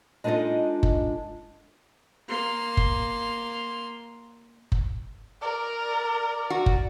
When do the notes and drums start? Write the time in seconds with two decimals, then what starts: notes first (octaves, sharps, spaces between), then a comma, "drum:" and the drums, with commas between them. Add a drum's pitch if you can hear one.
0.24 G#3 D4 D#4 F4 A4 D#5
0.83 drum: kick F#1
2.29 A#3 C6
2.77 drum: kick F#1
4.72 drum: kick F#1
5.42 A#4 D5
6.50 F#4
6.66 drum: kick F#1